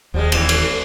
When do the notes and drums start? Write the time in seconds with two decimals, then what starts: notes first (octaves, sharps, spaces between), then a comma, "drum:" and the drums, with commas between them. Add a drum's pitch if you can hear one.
0.14 D#1 D#2 F3 G3 G#3
0.32 E3 G3, drum: cymbal
0.49 drum: cymbal